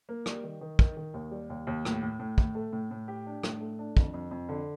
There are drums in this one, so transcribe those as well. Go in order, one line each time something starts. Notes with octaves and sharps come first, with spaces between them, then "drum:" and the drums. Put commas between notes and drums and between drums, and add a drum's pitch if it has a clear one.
A#3
G3, drum: rim click
D#3
D#3
D#3, drum: kick
D#3
D#2
G3
D#2
D#2
A2, drum: rim click
A2
A2
A2, drum: kick
A3
A2
A2
G4
D4
A2, drum: rim click
A3
D4
F2, drum: kick
F2
F2
D3